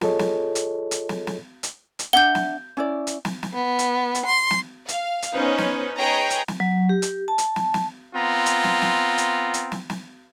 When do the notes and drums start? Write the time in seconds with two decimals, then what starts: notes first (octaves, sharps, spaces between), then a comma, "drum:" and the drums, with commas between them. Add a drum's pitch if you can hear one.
0.01 F4 G#4 A4 C#5 D#5, drum: snare
0.19 drum: snare
0.55 drum: hi-hat
0.91 drum: hi-hat
1.09 drum: snare
1.27 drum: snare
1.63 drum: hi-hat
1.99 drum: hi-hat
2.13 D4 E5 F#5 G6 G7
2.35 drum: snare
2.77 C#4 E4 D5
3.07 drum: hi-hat
3.25 drum: snare
3.43 drum: snare
3.53 B3
3.79 drum: hi-hat
4.15 drum: hi-hat
4.26 C6
4.51 drum: snare
4.88 F5, drum: hi-hat
5.22 drum: hi-hat
5.33 B3 C#4 D#4 B4 C5
5.58 drum: snare
5.99 G#4 B4 C#5 D#5 G5 A#5
6.30 drum: hi-hat
6.48 drum: snare
6.60 F#3
6.89 G4
7.02 drum: hi-hat
7.28 A5
7.38 drum: hi-hat
7.56 drum: snare
7.74 drum: snare
8.15 B3 C4 F4 A#5
8.46 drum: hi-hat
8.64 drum: snare
8.82 drum: snare
9.18 drum: hi-hat
9.54 drum: hi-hat
9.72 drum: snare
9.90 drum: snare